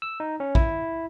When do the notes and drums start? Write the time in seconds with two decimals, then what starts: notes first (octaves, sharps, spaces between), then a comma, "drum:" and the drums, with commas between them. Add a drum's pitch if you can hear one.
0.02 E6
0.20 D#4
0.40 C#4
0.55 E4, drum: kick A#1